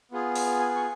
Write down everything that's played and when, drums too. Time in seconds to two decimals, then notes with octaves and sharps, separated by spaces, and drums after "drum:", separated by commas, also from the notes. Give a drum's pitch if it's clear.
0.12 B3 F4 G#4
0.35 drum: open hi-hat
0.59 G#5
0.76 C#6